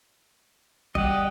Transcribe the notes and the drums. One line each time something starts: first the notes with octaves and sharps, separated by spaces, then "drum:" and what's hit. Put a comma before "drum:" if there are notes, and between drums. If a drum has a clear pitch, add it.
G3 G4 D#5 F#5, drum: kick G1